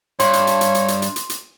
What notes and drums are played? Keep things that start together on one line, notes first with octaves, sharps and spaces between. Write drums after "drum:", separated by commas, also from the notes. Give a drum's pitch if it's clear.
G2 C#5 C6, drum: hi-hat
drum: hi-hat
drum: hi-hat
drum: hi-hat
drum: hi-hat
drum: hi-hat
drum: hi-hat
drum: hi-hat
drum: hi-hat